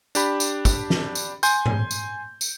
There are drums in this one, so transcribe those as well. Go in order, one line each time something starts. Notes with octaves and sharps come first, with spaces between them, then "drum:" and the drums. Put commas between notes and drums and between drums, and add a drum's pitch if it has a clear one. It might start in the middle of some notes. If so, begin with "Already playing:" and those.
D4 G4 B5, drum: tambourine
drum: tambourine
drum: kick, tambourine
drum: snare
drum: tambourine
G#5 C6 G6, drum: tambourine
drum: tom G#2
drum: tambourine
drum: tambourine